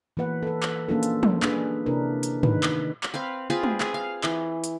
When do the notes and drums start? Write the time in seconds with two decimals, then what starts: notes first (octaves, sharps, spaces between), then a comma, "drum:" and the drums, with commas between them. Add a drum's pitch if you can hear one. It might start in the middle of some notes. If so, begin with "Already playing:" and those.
0.17 E3 A#3 B4 F#5
0.43 A4 B4
0.63 drum: clap
0.89 A#3 C#4 D4 F4 G#4 A4
1.03 drum: hi-hat
1.23 drum: tom
1.43 A#3 D4 G#4 B4, drum: clap
1.86 C3 A#3 D4 E4 A#4 B4
2.23 drum: hi-hat
2.43 D#3 E3 D#4 B4, drum: tom
2.63 drum: clap
3.03 drum: clap
3.14 C4 B4 F5
3.50 C4 F4 G#4 B4
3.63 drum: tom
3.80 G#4, drum: clap
3.94 F5
4.24 E3, drum: clap
4.64 drum: hi-hat